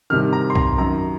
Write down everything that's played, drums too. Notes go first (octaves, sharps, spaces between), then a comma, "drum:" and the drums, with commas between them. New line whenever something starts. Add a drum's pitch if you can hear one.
C2 C3 D#3 F6
A#5
C6
A#5, drum: kick B1
F#2 D#3 A#5